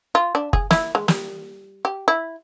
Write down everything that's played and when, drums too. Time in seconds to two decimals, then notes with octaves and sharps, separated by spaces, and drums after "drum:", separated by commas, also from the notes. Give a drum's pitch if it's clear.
0.15 F4
0.35 D4
0.53 G#4, drum: kick F#1
0.71 E4, drum: snare
0.95 G#3
1.08 G3, drum: snare
1.85 G4
2.08 E4